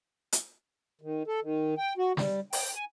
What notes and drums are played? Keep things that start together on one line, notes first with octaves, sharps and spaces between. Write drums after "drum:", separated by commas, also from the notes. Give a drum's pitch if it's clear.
drum: hi-hat
D#3
A4
D#3
G5
F#4
G3, drum: snare
G5, drum: open hi-hat
G#5